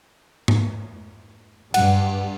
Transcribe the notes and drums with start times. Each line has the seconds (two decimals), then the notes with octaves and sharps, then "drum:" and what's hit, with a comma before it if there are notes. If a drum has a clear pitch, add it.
0.48 drum: tom G#2
1.74 G2 F#5, drum: cymbal